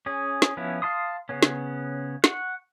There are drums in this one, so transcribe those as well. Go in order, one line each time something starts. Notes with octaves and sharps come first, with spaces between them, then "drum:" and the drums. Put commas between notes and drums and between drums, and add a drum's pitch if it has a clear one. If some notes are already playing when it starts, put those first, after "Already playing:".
C#4 G#4
drum: snare
F3 B3 C#4 E4
F5 A5 C6 D#6
C#3 B3 C#4
drum: snare
F#5 C#6, drum: snare